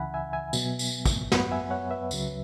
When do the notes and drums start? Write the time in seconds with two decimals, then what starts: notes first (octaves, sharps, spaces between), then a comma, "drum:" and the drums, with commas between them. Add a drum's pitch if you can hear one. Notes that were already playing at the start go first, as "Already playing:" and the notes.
Already playing: C#2 C#3 E3 E5 F#5 G#5 B5
0.14 E5 G#5
0.33 E5 G#5
0.53 B2 F#3 B3, drum: tambourine
0.79 drum: tambourine
1.05 drum: kick, tambourine
1.32 F#2 F#3 B3 F#5 B5, drum: snare
1.52 E5 G#5
1.71 C#5 F#5
1.91 B4 E5
2.11 C#2 C#3 F#3, drum: tambourine